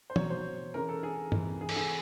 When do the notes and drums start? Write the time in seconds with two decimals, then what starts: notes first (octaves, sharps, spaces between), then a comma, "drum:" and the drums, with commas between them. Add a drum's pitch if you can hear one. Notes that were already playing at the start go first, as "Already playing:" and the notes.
0.10 C5
0.16 B2 F#3 C#5, drum: tom
0.30 C5
0.74 C#3 E3 G#3 A#4
0.89 A4
1.03 G#4
1.32 C3 E3 G#3, drum: tom G2
1.61 G#4
1.69 A4, drum: cymbal
1.76 G#4